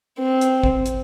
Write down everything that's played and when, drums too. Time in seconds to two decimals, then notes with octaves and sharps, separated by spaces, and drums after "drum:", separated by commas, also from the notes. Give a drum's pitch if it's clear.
0.19 C4
0.41 drum: hi-hat
0.63 drum: kick
0.86 drum: hi-hat